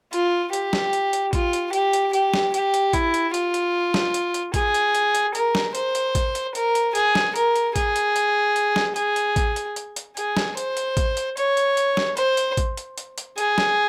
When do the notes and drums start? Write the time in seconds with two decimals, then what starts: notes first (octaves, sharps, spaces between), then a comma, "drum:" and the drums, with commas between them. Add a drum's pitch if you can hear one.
0.13 F4, drum: hi-hat
0.53 G4, drum: hi-hat
0.73 drum: snare
0.93 drum: hi-hat
1.13 drum: hi-hat
1.33 F4, drum: kick A1, hi-hat
1.53 drum: hi-hat
1.73 G4, drum: hi-hat
1.93 drum: hi-hat
2.13 G4, drum: hi-hat
2.34 drum: snare
2.54 G4, drum: hi-hat
2.74 drum: hi-hat
2.93 E4, drum: kick A1, hi-hat
3.14 drum: hi-hat
3.34 F4, drum: hi-hat
3.54 drum: hi-hat
3.94 drum: snare
4.14 drum: hi-hat
4.34 drum: hi-hat
4.54 G#4, drum: kick A1, hi-hat
4.74 drum: hi-hat
4.95 drum: hi-hat
5.15 drum: hi-hat
5.35 A#4, drum: hi-hat
5.55 drum: snare
5.75 C5, drum: hi-hat
5.95 drum: hi-hat
6.15 drum: kick A1, hi-hat
6.35 drum: hi-hat
6.55 A#4, drum: hi-hat
6.75 drum: hi-hat
6.95 G#4, drum: hi-hat
7.15 drum: snare
7.36 A#4, drum: hi-hat
7.56 drum: hi-hat
7.76 G#4, drum: kick A1, hi-hat
7.96 drum: hi-hat
8.16 drum: hi-hat
8.56 drum: hi-hat
8.76 drum: snare
8.96 G#4, drum: hi-hat
9.16 drum: hi-hat
9.36 drum: kick A1, hi-hat
9.56 drum: hi-hat
9.76 drum: hi-hat
9.96 drum: hi-hat
10.17 G#4, drum: hi-hat
10.37 drum: snare
10.57 C5, drum: hi-hat
10.77 drum: hi-hat
10.97 drum: kick A1, hi-hat
11.17 drum: hi-hat
11.37 C#5, drum: hi-hat
11.57 drum: hi-hat
11.77 drum: hi-hat
11.97 drum: snare
12.17 C5, drum: hi-hat
12.37 drum: hi-hat
12.57 drum: kick A1, hi-hat
12.77 drum: hi-hat
12.98 drum: hi-hat
13.18 drum: hi-hat
13.38 G#4, drum: hi-hat
13.58 drum: snare